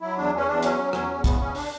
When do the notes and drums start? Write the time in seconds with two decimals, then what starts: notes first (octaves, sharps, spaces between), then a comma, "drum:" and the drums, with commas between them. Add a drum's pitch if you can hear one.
0.01 F#3 E4
0.16 E2 D4
0.32 E2 C#4
0.47 E2 D4
0.63 F#3 C#4, drum: hi-hat
0.78 F#3
0.93 E2 C#4, drum: rim click
1.09 E2
1.24 C#3 B3, drum: kick, hi-hat
1.40 E2 C#4
1.55 D4, drum: open hi-hat